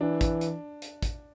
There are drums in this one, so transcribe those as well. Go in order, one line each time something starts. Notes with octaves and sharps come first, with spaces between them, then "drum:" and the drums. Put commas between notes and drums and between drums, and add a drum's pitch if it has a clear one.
E3 D4
drum: kick, hi-hat
drum: hi-hat
drum: hi-hat
drum: kick, hi-hat